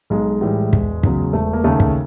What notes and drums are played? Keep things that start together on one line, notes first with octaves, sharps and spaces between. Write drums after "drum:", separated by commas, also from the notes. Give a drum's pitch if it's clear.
B1 G#3
A2 E3 G3
E1, drum: kick
E2 C#3 F#3, drum: kick
E1 A3
A#3
D#2 C#3 A3
drum: kick